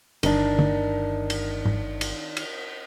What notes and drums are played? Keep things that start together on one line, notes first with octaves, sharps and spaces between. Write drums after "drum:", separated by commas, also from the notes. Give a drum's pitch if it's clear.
G1 D#3 D4, drum: cymbal
drum: tom
drum: cymbal
drum: tom G#2
drum: cymbal
drum: cymbal